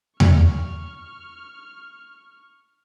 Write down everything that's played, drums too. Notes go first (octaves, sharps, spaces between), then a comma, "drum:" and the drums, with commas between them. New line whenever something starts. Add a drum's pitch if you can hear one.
C#6 F6, drum: tom E2